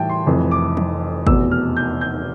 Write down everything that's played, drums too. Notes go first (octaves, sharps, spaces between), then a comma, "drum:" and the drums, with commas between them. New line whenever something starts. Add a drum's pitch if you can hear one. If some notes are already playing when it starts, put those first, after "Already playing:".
Already playing: A2 E3 G3 G5 A5
C6
F1 F2 E3
D6
drum: tom E3
F1 E2 B2 E6, drum: kick G#1
F6
G6
G6